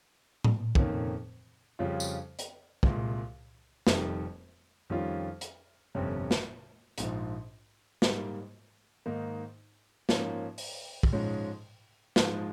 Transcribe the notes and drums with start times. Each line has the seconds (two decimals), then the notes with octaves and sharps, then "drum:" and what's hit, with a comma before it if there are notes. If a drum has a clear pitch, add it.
0.44 drum: tom A2
0.75 F1 F2 D#3 A#3 C#4, drum: kick
1.79 F2 C#3 G3 C#4 F4
2.00 drum: tambourine
2.39 drum: hi-hat
2.83 C2 A#2 G#3, drum: kick
3.87 F1 F2 D#3 G3, drum: snare
4.90 F2 D#3 G3 C#4 F4
5.41 drum: hi-hat
5.95 G1 F2 C3 G3 C#4
6.31 drum: snare
6.98 A#1 G#2 F3, drum: hi-hat
8.02 G#2 G3 A#3, drum: snare
9.06 G#2 D#3 A#3 D#4
10.09 G#2 F3 A#3 C#4, drum: snare
10.58 drum: open hi-hat
11.03 drum: kick
11.13 G#2 F3 G#3 C#4
12.16 G#2 F3 G#3, drum: snare